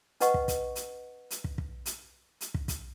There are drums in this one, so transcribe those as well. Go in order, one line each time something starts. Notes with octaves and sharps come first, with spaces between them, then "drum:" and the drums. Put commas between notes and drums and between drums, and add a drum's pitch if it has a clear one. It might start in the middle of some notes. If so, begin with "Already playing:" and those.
C#4 B4 D#5 F#5 C#6, drum: hi-hat
drum: kick
drum: kick, hi-hat
drum: hi-hat
drum: hi-hat
drum: kick
drum: kick
drum: hi-hat
drum: hi-hat
drum: kick
drum: kick, hi-hat